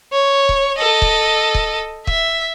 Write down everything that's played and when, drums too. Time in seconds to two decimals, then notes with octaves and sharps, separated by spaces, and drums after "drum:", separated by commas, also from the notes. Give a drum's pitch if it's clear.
0.13 C#5
0.49 drum: kick
0.79 A4 D#5
1.02 drum: kick
1.55 drum: kick
2.07 E5, drum: kick